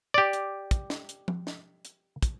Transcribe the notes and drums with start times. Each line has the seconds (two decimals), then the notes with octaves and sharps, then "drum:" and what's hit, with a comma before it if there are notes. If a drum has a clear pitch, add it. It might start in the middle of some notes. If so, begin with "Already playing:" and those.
0.14 G4 D5
0.33 drum: hi-hat
0.71 drum: kick, hi-hat
0.90 drum: snare
1.09 drum: hi-hat
1.28 drum: tom F3
1.47 drum: snare
1.85 drum: hi-hat
2.23 drum: kick, hi-hat